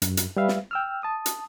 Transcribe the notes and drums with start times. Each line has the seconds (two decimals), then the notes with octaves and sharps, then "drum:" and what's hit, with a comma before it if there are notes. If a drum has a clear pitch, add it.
0.02 F#2, drum: hi-hat
0.17 drum: hi-hat
0.37 G3 B4 E5 F5
0.48 drum: snare
0.71 G5 E6 F6
1.03 A5 D#6
1.26 drum: hi-hat